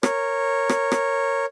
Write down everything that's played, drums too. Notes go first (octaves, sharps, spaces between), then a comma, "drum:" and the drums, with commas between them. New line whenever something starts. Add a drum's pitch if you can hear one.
A#4 C#5, drum: rim click
drum: rim click
drum: rim click